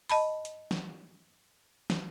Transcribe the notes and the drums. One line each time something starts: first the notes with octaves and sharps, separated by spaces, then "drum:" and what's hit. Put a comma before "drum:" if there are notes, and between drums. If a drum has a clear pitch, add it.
D#5 A5 B5, drum: open hi-hat
drum: hi-hat
drum: snare
drum: snare